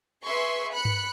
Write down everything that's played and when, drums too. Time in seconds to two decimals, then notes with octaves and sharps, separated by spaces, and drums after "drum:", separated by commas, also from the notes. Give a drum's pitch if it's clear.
0.24 G#4 B4 E5 C6 C#6
0.72 B5 F#6 C#7
0.85 drum: tom G2